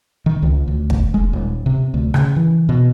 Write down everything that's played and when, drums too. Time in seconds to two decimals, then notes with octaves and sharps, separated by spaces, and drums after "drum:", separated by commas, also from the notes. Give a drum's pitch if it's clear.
0.26 D#3
0.42 C#2
0.68 D2
0.90 drum: kick
1.14 G#3
1.33 D#1
1.66 C3
1.94 D2
2.14 C#3, drum: rim click
2.36 E3
2.69 B2